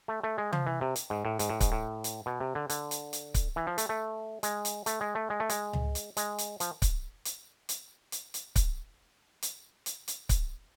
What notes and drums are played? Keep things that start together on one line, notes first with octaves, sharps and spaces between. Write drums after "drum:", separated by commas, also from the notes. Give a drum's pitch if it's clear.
A3
A3
G#3
F3, drum: tom
E3
C3
drum: hi-hat
G#2
A2
G#2, drum: hi-hat
A2
G#2, drum: kick C#1, hi-hat
A2
drum: hi-hat
B2
C3
D3
D3, drum: hi-hat
drum: hi-hat
drum: hi-hat
drum: kick C#1, hi-hat
E3
F3
A3, drum: hi-hat
A3
G#3, drum: hi-hat
drum: hi-hat
A3, drum: hi-hat
G#3
A3
G#3
A3
G#3, drum: hi-hat
drum: tom C#2
drum: hi-hat
G#3, drum: hi-hat
drum: hi-hat
F3, drum: hi-hat
drum: kick C#1, hi-hat
drum: hi-hat
drum: hi-hat
drum: hi-hat
drum: hi-hat
drum: kick C#1, hi-hat
drum: hi-hat
drum: hi-hat
drum: hi-hat
drum: kick C#1, hi-hat